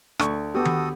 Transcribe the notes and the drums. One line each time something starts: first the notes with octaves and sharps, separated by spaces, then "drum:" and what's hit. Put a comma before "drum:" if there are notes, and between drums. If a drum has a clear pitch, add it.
D2 C#6, drum: rim click
B3 F#4 G4 A4 D#6
drum: tom D#3